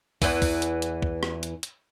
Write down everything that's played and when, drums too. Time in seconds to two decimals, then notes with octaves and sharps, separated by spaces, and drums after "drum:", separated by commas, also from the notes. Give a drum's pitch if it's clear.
0.22 E2 E3, drum: kick, open hi-hat
0.42 drum: kick, open hi-hat
0.62 drum: hi-hat
0.82 drum: hi-hat
1.02 drum: kick
1.23 drum: rim click
1.43 drum: hi-hat
1.63 drum: hi-hat